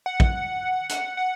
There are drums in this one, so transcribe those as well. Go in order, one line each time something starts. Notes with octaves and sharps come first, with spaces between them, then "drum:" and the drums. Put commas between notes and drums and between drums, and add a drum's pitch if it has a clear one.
F#5
drum: kick
F#5, drum: hi-hat
F#5